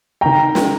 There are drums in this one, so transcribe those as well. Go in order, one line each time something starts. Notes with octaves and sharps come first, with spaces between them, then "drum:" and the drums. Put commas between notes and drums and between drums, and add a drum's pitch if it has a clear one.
D#3 G5 A#5
drum: snare